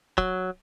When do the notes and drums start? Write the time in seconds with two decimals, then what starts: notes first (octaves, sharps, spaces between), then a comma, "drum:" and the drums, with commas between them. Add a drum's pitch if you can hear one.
0.18 F#3, drum: kick